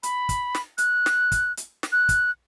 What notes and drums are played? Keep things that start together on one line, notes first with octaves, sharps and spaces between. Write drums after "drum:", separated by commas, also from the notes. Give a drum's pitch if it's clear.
B5, drum: hi-hat
drum: kick, hi-hat
drum: snare
F#6, drum: hi-hat
drum: snare
drum: kick, hi-hat
drum: hi-hat
drum: snare
F#6
drum: kick, hi-hat